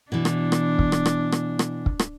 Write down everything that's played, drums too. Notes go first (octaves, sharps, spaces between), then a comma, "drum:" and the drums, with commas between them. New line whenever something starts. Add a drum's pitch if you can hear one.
B2 E3 D4
drum: rim click
drum: rim click
drum: kick
drum: rim click
drum: rim click
drum: rim click
drum: rim click
drum: kick
drum: rim click